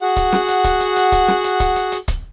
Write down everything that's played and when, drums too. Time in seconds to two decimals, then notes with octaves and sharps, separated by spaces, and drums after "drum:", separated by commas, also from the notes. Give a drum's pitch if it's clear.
0.01 F#4 G#4 F#5
0.17 drum: kick, hi-hat
0.32 drum: snare
0.48 drum: hi-hat
0.64 drum: kick, hi-hat
0.80 drum: hi-hat
0.96 drum: hi-hat
1.12 drum: kick, hi-hat
1.28 drum: snare
1.44 drum: hi-hat
1.60 drum: kick, hi-hat
1.76 drum: hi-hat
1.92 drum: hi-hat
2.08 drum: kick, hi-hat